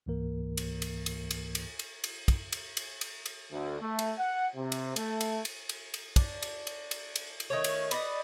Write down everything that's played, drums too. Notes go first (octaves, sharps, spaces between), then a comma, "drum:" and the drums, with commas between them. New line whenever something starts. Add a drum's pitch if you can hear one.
C#2 G#2 E3 A#3 A#4
drum: cymbal
drum: cymbal
drum: cymbal
drum: cymbal
drum: cymbal
drum: cymbal
drum: cymbal
drum: kick, cymbal
drum: cymbal
drum: cymbal
drum: cymbal
drum: cymbal
D2
A3
drum: cymbal
F#5
C3
drum: cymbal
A3, drum: cymbal
drum: cymbal
drum: cymbal
drum: cymbal
drum: cymbal
D4, drum: kick, cymbal
drum: cymbal
drum: cymbal
drum: cymbal
drum: cymbal
drum: cymbal
D#3 A3 C#5
drum: cymbal
B4 D5 D#5, drum: cymbal